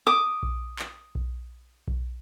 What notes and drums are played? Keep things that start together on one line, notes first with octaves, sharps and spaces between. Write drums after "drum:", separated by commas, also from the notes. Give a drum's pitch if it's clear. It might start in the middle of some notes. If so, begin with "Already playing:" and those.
D6 D#6
drum: kick B1
drum: clap
drum: kick B1
drum: kick B1